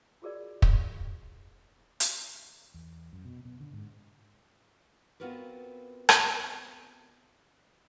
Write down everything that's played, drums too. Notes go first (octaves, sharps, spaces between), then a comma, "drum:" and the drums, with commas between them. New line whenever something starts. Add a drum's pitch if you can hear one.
F4 F#4 G#4 A#4 D5
drum: kick
drum: hi-hat
E2
F#2
B2
B2
D3
G#2
B3 C4 F4 F#4 A#4 B4
drum: rim click